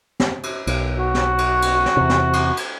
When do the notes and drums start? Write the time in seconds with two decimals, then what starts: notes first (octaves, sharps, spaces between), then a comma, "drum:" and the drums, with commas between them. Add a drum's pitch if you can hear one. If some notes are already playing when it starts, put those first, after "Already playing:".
0.20 drum: snare
0.43 drum: cymbal
0.67 B1, drum: cymbal
0.99 F#4
1.15 drum: snare
1.38 drum: cymbal
1.62 drum: cymbal
1.86 drum: snare
1.97 E2 C3
2.09 drum: snare
2.33 drum: cymbal
2.57 drum: cymbal